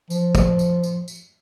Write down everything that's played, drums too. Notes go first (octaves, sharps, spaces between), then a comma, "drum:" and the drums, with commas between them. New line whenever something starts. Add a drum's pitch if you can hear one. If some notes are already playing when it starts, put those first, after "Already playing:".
F3, drum: tambourine
drum: kick, tambourine
drum: tambourine
drum: tambourine
drum: tambourine